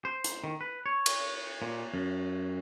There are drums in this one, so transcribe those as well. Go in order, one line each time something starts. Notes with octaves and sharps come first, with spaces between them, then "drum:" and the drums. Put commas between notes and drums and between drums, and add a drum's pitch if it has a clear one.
C5
drum: hi-hat
D#3
B4
C#5
drum: cymbal
A#2
F#2